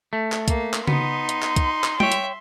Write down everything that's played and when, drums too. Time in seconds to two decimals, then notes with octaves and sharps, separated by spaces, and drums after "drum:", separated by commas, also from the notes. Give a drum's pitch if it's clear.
0.13 A3
0.32 drum: clap
0.48 A#3, drum: kick, hi-hat
0.74 drum: clap
0.88 B3 D#4 C6, drum: tom C#3
1.29 drum: hi-hat
1.43 drum: clap
1.56 drum: kick, hi-hat
1.84 drum: clap
2.00 C#5 E5 G5, drum: tom G3
2.12 drum: hi-hat